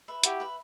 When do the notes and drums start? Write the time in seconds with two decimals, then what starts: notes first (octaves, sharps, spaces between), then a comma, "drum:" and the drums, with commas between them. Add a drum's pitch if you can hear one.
0.08 B4 E5
0.24 E4 F#4 G4, drum: hi-hat
0.40 B4 E5